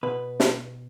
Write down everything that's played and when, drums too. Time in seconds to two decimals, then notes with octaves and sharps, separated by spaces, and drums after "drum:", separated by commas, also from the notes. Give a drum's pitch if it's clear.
0.03 B2 B4
0.40 drum: snare